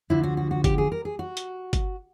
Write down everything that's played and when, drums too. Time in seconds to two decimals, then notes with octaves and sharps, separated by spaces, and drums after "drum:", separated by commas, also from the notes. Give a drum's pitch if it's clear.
0.10 D2 D3 F3 E4
0.23 F#4
0.37 F#4
0.51 F#4
0.64 G4, drum: kick G1, hi-hat
0.78 G#4
0.92 A#4
1.05 G#4
1.19 F#4
1.37 drum: hi-hat
1.73 drum: kick G1, hi-hat